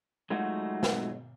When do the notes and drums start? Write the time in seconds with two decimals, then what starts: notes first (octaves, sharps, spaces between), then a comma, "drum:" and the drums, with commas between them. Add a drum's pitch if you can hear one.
0.30 F#3 G#3 A3 D#4 F4 F#4
0.83 drum: snare